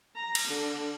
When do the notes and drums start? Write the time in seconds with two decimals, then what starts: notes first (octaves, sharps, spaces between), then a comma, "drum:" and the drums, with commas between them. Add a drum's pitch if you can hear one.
0.15 A#5
0.35 drum: cymbal
0.47 D3